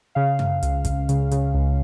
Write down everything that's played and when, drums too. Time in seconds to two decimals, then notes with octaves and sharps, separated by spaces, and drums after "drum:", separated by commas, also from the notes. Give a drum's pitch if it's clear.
0.15 C#3 F5
0.39 C#3, drum: tom F#2
0.63 C#2, drum: hi-hat
0.85 C#2, drum: kick, hi-hat
1.09 C#3, drum: hi-hat
1.31 C#3, drum: hi-hat
1.54 C#2